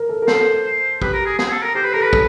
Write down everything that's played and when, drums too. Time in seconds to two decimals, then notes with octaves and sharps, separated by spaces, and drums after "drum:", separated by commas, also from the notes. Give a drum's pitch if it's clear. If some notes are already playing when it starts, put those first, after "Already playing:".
Already playing: A#4
0.09 A4
0.22 A#4
0.28 A4 C5, drum: snare
0.65 C5
1.02 G4 B4, drum: kick
1.13 A#4
1.26 G#4
1.39 G#4, drum: snare
1.51 A4
1.63 A#4
1.75 G4 C5
1.84 B4
1.93 A4 A#4
2.02 B4
2.13 A4, drum: kick